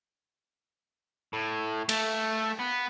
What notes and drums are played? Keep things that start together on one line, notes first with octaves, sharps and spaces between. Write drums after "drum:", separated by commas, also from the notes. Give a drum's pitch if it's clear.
A2
A3, drum: cymbal
B3